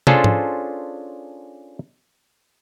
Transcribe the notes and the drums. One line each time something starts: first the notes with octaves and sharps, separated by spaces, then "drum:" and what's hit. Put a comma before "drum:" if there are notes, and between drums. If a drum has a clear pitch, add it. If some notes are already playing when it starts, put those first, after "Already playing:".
C#4 D4 F4 G#4 A4 C5, drum: tom
drum: tom